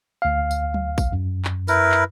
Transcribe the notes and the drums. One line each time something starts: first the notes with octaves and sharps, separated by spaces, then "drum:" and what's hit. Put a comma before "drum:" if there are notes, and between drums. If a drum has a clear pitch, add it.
D2 F5
drum: tambourine
drum: tom F#3
drum: kick A1, tambourine
F#2
drum: clap
E4 A#4 B4, drum: tambourine
drum: clap